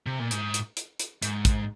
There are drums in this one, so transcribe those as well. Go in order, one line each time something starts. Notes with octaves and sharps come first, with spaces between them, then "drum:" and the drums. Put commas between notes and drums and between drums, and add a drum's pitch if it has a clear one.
C3
A#2
G#2, drum: hi-hat
drum: hi-hat
drum: hi-hat
drum: hi-hat
G#2, drum: hi-hat
drum: kick, hi-hat